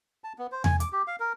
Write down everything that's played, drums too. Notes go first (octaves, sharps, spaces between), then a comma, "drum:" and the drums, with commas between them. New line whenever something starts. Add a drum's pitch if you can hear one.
A5
B3
C5
G#5, drum: tom E2
D6, drum: hi-hat
G4
F5
A#4